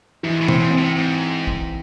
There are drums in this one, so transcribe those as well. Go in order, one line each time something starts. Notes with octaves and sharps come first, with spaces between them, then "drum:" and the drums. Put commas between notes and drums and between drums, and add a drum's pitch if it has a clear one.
G#2 E3
A2
C4, drum: tom
G#2
C4
A2
G#2
drum: kick